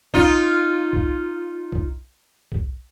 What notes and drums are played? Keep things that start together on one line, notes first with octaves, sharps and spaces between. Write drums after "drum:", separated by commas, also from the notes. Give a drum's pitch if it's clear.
D#4 F4, drum: kick B1
drum: kick B1
drum: kick B1
drum: kick B1